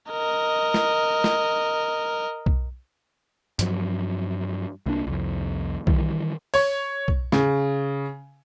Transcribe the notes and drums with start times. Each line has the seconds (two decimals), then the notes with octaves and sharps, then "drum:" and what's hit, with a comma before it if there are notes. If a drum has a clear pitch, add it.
0.11 A#4 D#5
0.74 drum: snare
1.24 drum: snare
2.46 drum: kick B1
3.59 G2 F3 F#3, drum: hi-hat
4.86 C2 A#3 D4
5.07 C2 F2
5.87 D#3 E3 G3, drum: kick B1
6.54 C#5, drum: open hi-hat
7.08 drum: kick B1
7.32 C#3, drum: snare